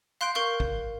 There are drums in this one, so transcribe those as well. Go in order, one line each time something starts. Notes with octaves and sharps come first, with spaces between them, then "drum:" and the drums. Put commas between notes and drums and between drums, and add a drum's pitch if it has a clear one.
F5 C6 F#6 G6 D7
A#4 F5 C#6 G6
drum: kick